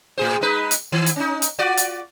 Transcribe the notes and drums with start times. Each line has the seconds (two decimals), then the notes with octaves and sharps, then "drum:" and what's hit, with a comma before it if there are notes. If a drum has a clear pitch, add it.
0.18 A2 G#4 C5
0.41 G#3 D#4 B4
0.71 drum: hi-hat
0.92 D#3
1.06 drum: hi-hat
1.16 C#4 D#4
1.42 drum: hi-hat
1.59 F4 F#4 D5
1.77 drum: hi-hat